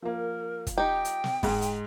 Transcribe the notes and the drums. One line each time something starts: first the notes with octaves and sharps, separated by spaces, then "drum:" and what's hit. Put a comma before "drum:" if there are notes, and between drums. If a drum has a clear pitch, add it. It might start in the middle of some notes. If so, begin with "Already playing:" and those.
F3 A#3 A#4
drum: kick, hi-hat
D#4 G4 G5
drum: hi-hat
drum: snare
G#2 G#3, drum: kick, open hi-hat
drum: hi-hat